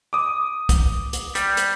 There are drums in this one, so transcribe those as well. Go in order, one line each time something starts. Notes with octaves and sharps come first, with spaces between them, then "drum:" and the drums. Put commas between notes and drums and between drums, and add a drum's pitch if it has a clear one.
D6 D#6
drum: kick, hi-hat
drum: hi-hat
G3, drum: hi-hat
drum: hi-hat